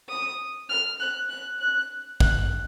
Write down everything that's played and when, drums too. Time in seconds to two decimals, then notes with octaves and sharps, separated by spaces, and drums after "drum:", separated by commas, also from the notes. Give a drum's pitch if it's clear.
0.09 D#6
0.69 F6
1.00 F#6
1.29 F#6
1.60 F#6
2.20 F#6, drum: kick